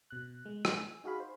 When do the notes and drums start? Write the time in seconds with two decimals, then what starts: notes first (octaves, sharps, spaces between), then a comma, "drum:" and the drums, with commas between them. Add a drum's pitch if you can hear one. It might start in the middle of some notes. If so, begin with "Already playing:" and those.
0.10 B2 F#6
0.45 G#3
0.65 G#5, drum: rim click
1.04 D#4 F#4 G#4 F5 B5
1.20 C5